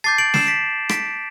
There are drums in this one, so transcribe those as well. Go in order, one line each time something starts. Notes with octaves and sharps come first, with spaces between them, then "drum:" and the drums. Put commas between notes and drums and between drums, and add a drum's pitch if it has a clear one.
A5 D6 G6 A6 C7
D7 F#7
C7 E7, drum: snare
B6 D7
B6 D7, drum: rim click